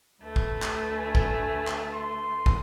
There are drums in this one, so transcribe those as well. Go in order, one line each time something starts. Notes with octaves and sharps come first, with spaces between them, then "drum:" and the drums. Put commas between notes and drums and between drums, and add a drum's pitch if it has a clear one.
D2 A3 B4
drum: kick
drum: clap
G#5
drum: kick
drum: clap
C6
drum: kick